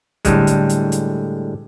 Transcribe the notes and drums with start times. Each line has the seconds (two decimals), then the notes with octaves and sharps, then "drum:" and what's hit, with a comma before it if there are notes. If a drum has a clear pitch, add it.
0.25 A2 D3 G3 G#3, drum: kick, hi-hat
0.47 drum: hi-hat
0.69 drum: hi-hat
0.92 drum: hi-hat